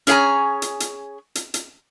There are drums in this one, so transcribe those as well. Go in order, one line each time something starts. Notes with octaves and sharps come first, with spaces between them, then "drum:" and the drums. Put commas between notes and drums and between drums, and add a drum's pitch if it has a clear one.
C#4 G#4 C#5 F5 G#5 A#5, drum: hi-hat
drum: hi-hat
drum: hi-hat
drum: hi-hat
drum: hi-hat